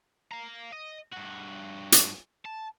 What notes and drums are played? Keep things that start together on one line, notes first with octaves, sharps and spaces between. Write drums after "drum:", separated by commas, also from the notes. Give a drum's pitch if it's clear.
F5 A#5
D#5
G2 F#4
drum: hi-hat
A5